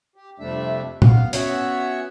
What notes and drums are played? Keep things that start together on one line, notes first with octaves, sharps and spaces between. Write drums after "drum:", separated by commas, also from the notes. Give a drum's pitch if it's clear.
G4
F2 C3 G3 A3 D4 E5
B3 F5, drum: tom A#2
B3 C#4 F#4 C#5 E5 F#5, drum: hi-hat